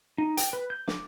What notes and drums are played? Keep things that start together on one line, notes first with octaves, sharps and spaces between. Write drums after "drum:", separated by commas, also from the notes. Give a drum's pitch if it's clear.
D#4
G5, drum: hi-hat
B4
G6
D6, drum: snare